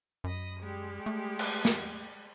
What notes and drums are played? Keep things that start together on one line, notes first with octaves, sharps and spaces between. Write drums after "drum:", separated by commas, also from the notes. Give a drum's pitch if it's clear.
F#2 D#5 B5 D#6
G3 G#3 G4
A3
drum: cymbal
drum: snare